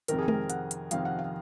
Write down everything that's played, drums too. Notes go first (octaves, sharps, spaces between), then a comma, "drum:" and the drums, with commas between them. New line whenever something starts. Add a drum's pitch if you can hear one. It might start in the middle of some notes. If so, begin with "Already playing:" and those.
F2 C3 D#3 A#4, drum: hi-hat
G#4
A#4, drum: tom G#3
F#5, drum: hi-hat
drum: hi-hat
F2 C3 D#3 F5, drum: hi-hat
F#5
F5